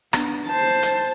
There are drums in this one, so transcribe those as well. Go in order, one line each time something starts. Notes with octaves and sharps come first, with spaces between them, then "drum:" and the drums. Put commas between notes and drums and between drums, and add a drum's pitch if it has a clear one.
B3 D4, drum: rim click
C5 A5
drum: hi-hat